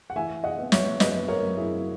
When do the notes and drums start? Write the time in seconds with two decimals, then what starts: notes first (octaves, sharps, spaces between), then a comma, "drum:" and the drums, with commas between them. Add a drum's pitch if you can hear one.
0.10 F#5
0.16 E3 E5 G#5
0.44 D#5 F#5
0.58 B3
0.72 C#5 E5, drum: snare
1.00 F#2 B4 D#5, drum: snare
1.28 A#4 C#5
1.42 F#2
1.57 E4 G#4